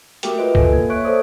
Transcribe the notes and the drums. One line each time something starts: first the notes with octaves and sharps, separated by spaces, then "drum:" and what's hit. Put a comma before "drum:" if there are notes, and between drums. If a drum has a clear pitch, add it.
A3 F#4 G4 A#4 G5, drum: hi-hat
F4 B4 D#5 D7
A4 G#5, drum: kick
A#3 G#6
C#5 E5 C#6 F#6 D7
A4 C5 D5 D#6